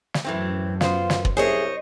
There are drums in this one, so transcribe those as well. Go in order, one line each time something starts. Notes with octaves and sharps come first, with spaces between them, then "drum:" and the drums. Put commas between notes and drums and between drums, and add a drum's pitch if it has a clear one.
drum: snare
F#2 A2 E3 C4
B3 F4 C5, drum: snare
drum: snare
drum: kick
C2 A3 G#4 C5 C#5 D#5